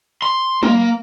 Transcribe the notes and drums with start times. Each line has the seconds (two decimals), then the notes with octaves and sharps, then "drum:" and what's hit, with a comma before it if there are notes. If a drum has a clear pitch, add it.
0.22 C6
0.63 A#3, drum: tom